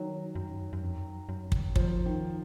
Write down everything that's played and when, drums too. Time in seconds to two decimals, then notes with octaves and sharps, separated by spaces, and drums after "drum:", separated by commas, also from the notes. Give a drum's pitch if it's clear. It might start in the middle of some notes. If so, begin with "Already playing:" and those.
Already playing: D#3 F#3
0.35 F#2
0.73 F#2
0.82 F2
1.29 F#2
1.52 drum: kick
1.76 F3, drum: kick
2.06 D#3